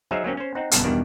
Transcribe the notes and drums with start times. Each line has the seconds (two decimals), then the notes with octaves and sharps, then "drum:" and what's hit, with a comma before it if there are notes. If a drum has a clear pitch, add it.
0.11 F#3 D#4 G#4 C5 E5 F5
0.24 F#3 A#3 C4 C#4
0.37 C#4 C5
0.55 C4 D#4 F#5
0.71 G1 F#2 B2 B3 A4 F5, drum: hi-hat
0.84 E2 G2 B2 D#3 D5